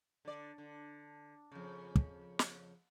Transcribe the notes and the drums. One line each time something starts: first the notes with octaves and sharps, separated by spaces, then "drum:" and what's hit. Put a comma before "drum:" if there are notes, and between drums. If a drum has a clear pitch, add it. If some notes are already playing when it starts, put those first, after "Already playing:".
D3 D5
D3
F2 C#3
drum: kick
drum: snare